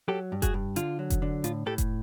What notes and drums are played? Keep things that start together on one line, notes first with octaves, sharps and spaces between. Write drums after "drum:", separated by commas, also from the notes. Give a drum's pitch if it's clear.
F#3 G4 A4
G2
F#4 G#4, drum: kick F1, hi-hat
G2
D3 F4, drum: hi-hat
F#3
drum: kick F1, hi-hat
D3
A2 F4, drum: hi-hat
A2 G4 A4
drum: kick F1, hi-hat